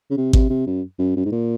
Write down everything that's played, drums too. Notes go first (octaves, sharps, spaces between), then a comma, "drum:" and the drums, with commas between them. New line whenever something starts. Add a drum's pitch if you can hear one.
C#3
C3
C3, drum: kick G#1
C3
F#2
F#2
F#2
G#2
A#2